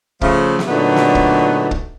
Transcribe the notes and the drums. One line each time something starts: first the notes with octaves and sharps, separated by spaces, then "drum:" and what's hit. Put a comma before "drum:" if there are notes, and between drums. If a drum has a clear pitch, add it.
C#3 F3 A3, drum: kick
drum: snare
A#2 D3 F#3 A3 B3 D#4
drum: snare
drum: kick
drum: kick